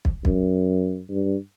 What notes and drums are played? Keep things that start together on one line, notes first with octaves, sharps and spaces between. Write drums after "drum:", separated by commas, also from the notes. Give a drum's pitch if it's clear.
drum: kick
F#2, drum: kick
G2